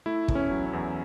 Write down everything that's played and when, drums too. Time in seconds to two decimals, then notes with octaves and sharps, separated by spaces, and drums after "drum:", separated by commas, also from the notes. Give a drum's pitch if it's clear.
0.06 A3 E4
0.28 E2, drum: kick
0.35 C#4
0.51 F#3
0.66 C#4
0.73 E2